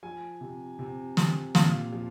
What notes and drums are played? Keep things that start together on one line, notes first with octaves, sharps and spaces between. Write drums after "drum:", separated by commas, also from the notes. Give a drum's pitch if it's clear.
F3 G#5
C3
C3
C3, drum: snare
A#2 F5, drum: snare
F3